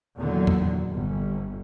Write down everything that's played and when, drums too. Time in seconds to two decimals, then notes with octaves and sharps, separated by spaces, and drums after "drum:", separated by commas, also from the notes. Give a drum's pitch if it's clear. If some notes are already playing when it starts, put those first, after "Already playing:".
0.17 E2 A#2 D3 D#3 F#3
0.47 drum: tom E2
0.92 G1